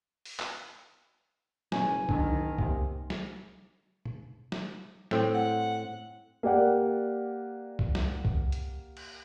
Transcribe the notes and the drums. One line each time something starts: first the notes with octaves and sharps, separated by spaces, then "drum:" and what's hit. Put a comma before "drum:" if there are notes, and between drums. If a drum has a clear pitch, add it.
drum: open hi-hat
drum: clap
F#1 B2 C#4 G#5, drum: snare
D3 D#3, drum: kick C2
C3 A#3, drum: kick C2
drum: snare
drum: tom B2
drum: snare
A2 C4, drum: snare
F#5
A#3 G4 D5 F#5
drum: kick C2
drum: snare
drum: kick C2
drum: hi-hat
drum: cymbal